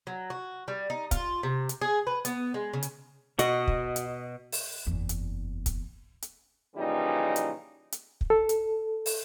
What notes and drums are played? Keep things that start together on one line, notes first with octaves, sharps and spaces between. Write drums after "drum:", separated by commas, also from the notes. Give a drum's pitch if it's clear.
F#3
F#4
G3
D#4
F4, drum: kick, hi-hat
C3
drum: hi-hat
G#4
B4
B3, drum: hi-hat
G#3
C#3
drum: hi-hat
B2 F#4 D#5, drum: hi-hat
drum: kick
drum: hi-hat
drum: open hi-hat
F#1 E2
drum: hi-hat
drum: kick, hi-hat
drum: hi-hat
A#2 C#3 E3 F3 G3 D#4
drum: hi-hat
drum: hi-hat
drum: kick
A4
drum: hi-hat
drum: open hi-hat